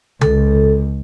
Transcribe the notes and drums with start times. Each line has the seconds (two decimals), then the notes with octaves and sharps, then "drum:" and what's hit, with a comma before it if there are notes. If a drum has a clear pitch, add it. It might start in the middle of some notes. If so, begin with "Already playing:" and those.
0.21 C#2 A4, drum: tom C#3